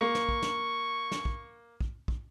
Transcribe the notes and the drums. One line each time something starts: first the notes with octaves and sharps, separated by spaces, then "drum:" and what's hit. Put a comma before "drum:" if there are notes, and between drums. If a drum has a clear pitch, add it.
A#3 C#6
drum: snare
drum: kick
drum: snare
drum: snare
drum: kick
drum: kick
drum: kick